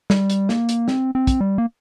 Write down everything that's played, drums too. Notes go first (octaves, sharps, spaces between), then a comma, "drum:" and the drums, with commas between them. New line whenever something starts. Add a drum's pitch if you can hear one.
G3, drum: snare
drum: hi-hat
A#3, drum: snare
drum: hi-hat
C4, drum: snare
C4
drum: kick, hi-hat
G3
A#3